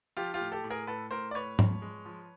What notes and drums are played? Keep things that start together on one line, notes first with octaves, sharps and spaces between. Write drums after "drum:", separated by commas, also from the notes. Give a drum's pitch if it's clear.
F3 F4 G4
F4 G4
A2
G4 A4
A2
G#4 A#4
A2 A4 B4
A2 A#4 C5
D5
A2 B4 C#5
F3, drum: tom G#2
G#3
F3